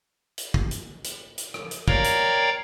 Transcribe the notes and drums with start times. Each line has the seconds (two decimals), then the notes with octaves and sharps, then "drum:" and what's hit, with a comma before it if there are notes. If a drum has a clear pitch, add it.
0.38 drum: hi-hat
0.54 drum: kick
0.71 drum: hi-hat
1.04 drum: hi-hat
1.38 drum: hi-hat
1.54 drum: rim click
1.71 drum: hi-hat
1.88 A#4 C#5 D5 F5 G5 A#5, drum: kick
2.04 drum: hi-hat